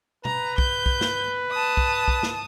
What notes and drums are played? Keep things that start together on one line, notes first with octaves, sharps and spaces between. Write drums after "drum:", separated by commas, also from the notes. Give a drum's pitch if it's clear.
B4 A#5, drum: tom B2
G6, drum: kick B1
drum: kick B1
drum: snare
A5 D#6
drum: kick B1
drum: kick B1
drum: snare